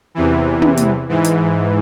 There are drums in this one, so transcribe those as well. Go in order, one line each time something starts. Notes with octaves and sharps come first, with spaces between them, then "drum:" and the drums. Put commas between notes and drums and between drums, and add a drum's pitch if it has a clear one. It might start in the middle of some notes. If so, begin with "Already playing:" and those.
E2 C3 E3
drum: tom
drum: hi-hat
G#2 E3
drum: hi-hat